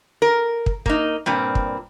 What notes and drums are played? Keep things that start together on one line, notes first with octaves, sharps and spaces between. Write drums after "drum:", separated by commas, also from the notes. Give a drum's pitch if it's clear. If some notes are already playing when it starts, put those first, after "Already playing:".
A#4
drum: kick
A#3 D#4, drum: kick
G2 A#2 C4
drum: kick